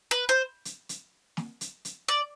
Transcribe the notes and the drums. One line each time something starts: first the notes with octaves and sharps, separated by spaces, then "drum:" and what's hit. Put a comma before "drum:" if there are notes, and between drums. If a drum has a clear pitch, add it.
B4
C5
drum: hi-hat
drum: hi-hat
drum: snare
drum: hi-hat
drum: hi-hat
D5